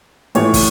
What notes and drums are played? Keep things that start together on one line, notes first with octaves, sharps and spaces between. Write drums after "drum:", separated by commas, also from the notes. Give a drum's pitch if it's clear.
A2 E3 A3 C#5, drum: hi-hat
drum: kick, open hi-hat